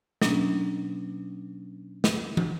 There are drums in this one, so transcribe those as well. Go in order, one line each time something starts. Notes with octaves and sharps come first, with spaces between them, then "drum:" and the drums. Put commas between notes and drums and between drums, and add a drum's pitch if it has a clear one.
B2 F#3 A#3 C#4 D4, drum: snare
drum: snare
drum: tom